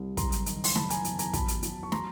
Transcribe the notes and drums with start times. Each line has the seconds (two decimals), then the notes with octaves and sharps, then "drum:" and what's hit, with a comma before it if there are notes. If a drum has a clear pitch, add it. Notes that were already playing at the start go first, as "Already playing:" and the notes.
Already playing: C2 C3
0.17 F#1 A#5 C6, drum: kick, hi-hat
0.32 drum: hi-hat
0.46 D#3, drum: hi-hat
0.64 C6, drum: open hi-hat
0.75 F#1 A5 B5, drum: snare
0.90 G#5 A#5, drum: hi-hat
1.05 E2, drum: hi-hat
1.19 G#5 A#5, drum: hi-hat
1.33 F#2 A5 B5, drum: kick, hi-hat
1.48 drum: hi-hat
1.63 F#3, drum: hi-hat
1.83 C#6
1.92 A#5 C6, drum: snare